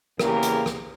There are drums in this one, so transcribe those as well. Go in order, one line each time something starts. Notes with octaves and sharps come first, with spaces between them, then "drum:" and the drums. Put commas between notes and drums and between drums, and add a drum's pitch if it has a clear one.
E2 C#3 A#3 G4 G#4 A#4, drum: rim click
drum: hi-hat
drum: rim click